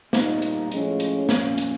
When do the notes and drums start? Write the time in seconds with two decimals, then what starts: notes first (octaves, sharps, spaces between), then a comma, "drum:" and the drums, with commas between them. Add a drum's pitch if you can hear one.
0.13 A#2 G3 A#3 D#4, drum: snare
0.42 drum: hi-hat
0.72 A2 F3 G#3 C#4, drum: hi-hat
1.00 drum: hi-hat
1.29 A#2 F3 A#3 C#4, drum: snare
1.58 drum: hi-hat